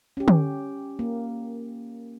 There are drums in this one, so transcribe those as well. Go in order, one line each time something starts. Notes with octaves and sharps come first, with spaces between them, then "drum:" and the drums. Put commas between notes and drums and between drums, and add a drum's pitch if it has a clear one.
C#4 G4
drum: tom
A#3